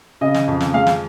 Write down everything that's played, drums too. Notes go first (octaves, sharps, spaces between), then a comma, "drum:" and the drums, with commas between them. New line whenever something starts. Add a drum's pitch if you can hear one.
C#3 D#5
drum: snare
F2
drum: snare
G#3 F5
drum: snare